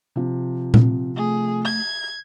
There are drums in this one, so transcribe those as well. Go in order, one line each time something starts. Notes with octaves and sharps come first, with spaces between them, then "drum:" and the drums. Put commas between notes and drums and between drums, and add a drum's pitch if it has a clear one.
C3 F3
C4, drum: tom A#2
A3 G#4
G#6